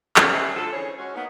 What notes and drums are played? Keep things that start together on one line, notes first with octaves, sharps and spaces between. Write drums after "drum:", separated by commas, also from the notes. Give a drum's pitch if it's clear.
D#3 A#3 C#4, drum: clap
G3 C#4 D#4 B4 C5 E5
D2 D3 F4 A4
D3 E3 C#4 G#4 C5 C#5
G#3 C#4 F#4
A#3 B3 D#4